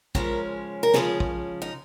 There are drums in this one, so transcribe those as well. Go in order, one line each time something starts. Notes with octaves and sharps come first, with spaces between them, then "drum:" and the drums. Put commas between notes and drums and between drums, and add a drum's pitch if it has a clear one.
C#3 F3 G#3 C#4 A#4, drum: kick A1
A#4
C#3 F3 G#3 C#4 G#4, drum: snare
drum: kick A1
D#4